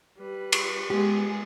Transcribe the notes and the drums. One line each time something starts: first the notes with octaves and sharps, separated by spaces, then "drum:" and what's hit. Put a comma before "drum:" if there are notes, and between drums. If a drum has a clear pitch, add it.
G3 B4
drum: cymbal
G#3 B3 G4 G#4